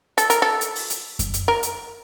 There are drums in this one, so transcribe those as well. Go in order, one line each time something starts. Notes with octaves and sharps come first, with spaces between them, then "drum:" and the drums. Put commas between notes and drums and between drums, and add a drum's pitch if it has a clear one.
A4, drum: hi-hat
A#4, drum: hi-hat
A4
drum: hi-hat
drum: open hi-hat
drum: hi-hat
drum: kick F#2, hi-hat
drum: hi-hat
A#4
drum: hi-hat